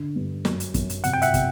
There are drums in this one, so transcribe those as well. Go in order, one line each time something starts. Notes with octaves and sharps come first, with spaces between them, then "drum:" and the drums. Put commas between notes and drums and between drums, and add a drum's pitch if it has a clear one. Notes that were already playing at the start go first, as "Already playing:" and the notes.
Already playing: D3
G2
F#2, drum: snare
drum: hi-hat
F#2, drum: kick, hi-hat
drum: hi-hat
C3 F#5, drum: hi-hat
G5
E5 F#5, drum: hi-hat
C3, drum: kick, hi-hat